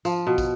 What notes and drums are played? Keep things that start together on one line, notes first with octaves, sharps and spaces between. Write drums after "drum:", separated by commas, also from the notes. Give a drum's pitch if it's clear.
F3, drum: tambourine
B2
drum: kick, tambourine